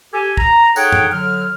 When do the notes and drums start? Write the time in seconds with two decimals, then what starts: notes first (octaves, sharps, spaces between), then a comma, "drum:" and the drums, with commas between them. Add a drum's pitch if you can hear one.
0.13 G4 A4 G#5
0.37 A#5, drum: kick
0.76 D#4 G#4 A4 C#5 F#5 G5, drum: tambourine
0.92 drum: tom F#2
1.12 D3 F#3 F6